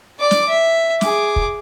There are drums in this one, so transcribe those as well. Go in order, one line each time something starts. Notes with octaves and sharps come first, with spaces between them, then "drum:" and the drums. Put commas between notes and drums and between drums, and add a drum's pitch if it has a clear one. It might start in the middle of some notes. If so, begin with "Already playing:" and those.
D5 D6
drum: snare
E5
G#4 D6, drum: snare
drum: kick